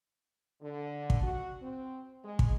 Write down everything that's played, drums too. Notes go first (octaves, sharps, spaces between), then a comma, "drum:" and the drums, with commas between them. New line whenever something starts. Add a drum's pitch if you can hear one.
D3
drum: kick
F#4
C4
G#3
drum: kick